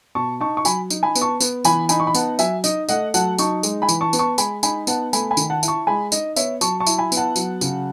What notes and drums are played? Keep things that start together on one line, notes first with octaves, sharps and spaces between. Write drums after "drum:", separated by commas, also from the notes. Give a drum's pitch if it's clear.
B2 A5 C#6
D#4 A5 C#6
C#6
F#3 G#5 B5, drum: tambourine
D#4, drum: tambourine
G#5 B5
B3, drum: tambourine
A5 C#6
B3, drum: tambourine
E3 G#5 B5, drum: tambourine
D#4 G#5 B5, drum: tambourine
C#6
B5
B3 F#5 A5, drum: tambourine
F#3 E5 G#5, drum: tambourine
D#4 D#5, drum: tambourine
A3 D#5 F#5, drum: tambourine
F#3 F#5 A5, drum: tambourine
D#4 A5 C#6, drum: tambourine
G#3, drum: tambourine
G#5 B5
E3, drum: tambourine
A5 C#6
B3, drum: tambourine
A5 C#6
G#3 G#5 B5, drum: tambourine
D#4 G#5 B5, drum: tambourine
B3 F#5 A5, drum: tambourine
A3 G#5 B5, drum: tambourine
G#5 B5
D#3, drum: tambourine
F#5 A5
E4, drum: tambourine
A5 C#6
G#3 G#5 B5
D#4 D#5, drum: tambourine
B3 C#5 E5, drum: tambourine
F#3 A5 C#6, drum: tambourine
A5 C#6
E4, drum: tambourine
G#5 B5
B3, drum: tambourine
F#5 A5
F#3, drum: tambourine
C#3, drum: tambourine